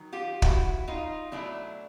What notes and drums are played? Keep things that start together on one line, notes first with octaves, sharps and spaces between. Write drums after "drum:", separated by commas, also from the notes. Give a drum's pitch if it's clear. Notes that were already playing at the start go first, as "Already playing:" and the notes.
Already playing: D#3 F#3
F4 G4
E4 F#4, drum: kick
D#4 F4
B2 F#3 A3 D4 E4